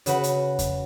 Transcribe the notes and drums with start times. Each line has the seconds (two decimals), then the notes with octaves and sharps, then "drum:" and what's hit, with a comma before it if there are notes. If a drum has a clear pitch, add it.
0.06 C#3 F#4 B4 F#5, drum: hi-hat
0.24 drum: hi-hat
0.59 drum: kick E2, hi-hat